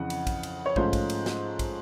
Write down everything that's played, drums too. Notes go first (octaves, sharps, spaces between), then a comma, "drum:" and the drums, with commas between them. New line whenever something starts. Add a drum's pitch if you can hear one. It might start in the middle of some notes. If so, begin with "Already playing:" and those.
Already playing: F2 C#3 E3 F#5
drum: cymbal
drum: kick, cymbal
drum: cymbal
C#5
G#2 F3 A3 C#4 F4 C5, drum: kick
drum: kick, cymbal
drum: cymbal
drum: snare
drum: kick, cymbal